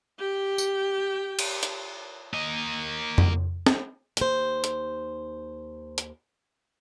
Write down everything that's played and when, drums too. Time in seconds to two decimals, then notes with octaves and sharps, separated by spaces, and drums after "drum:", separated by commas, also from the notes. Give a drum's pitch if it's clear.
0.18 G4 G5
0.58 drum: tambourine
1.39 drum: cymbal
1.63 drum: hi-hat
2.34 A#3 D#5
3.18 drum: tom F2
3.66 drum: snare
4.17 D#2 C5, drum: hi-hat
4.64 drum: hi-hat
5.98 drum: hi-hat